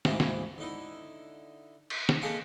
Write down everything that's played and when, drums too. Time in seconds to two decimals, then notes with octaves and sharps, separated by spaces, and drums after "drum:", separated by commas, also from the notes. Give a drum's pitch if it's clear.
0.05 D2 G#2 C3 E3 A#3, drum: snare
0.20 drum: snare
0.58 D3 D#4 E4
1.90 drum: cymbal
2.09 drum: snare
2.22 A#3 G#4 A4 D#5 F5 F#5